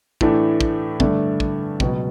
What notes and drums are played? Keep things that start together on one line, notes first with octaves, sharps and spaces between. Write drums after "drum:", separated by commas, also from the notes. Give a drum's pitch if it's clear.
A2 E3 A3 D4, drum: kick
drum: kick
G2 D3 A3 D4, drum: kick
drum: kick
C#2 B2 F#3, drum: kick